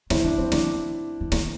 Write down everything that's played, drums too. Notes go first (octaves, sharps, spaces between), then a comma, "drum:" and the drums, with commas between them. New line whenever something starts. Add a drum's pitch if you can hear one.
A3 C4 E4, drum: snare
F3 D4
F3 C4
F3 D4, drum: snare
E3
D3, drum: snare